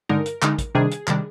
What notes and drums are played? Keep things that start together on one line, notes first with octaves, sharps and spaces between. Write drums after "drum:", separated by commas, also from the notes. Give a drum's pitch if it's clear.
D3 G#3 D#4 A#4, drum: tom G2
drum: hi-hat
D3 G#3 D#4, drum: clap
drum: kick, hi-hat
C3 D#3 G3 D4 G#4
drum: hi-hat
C3 D#3 G3 D4, drum: clap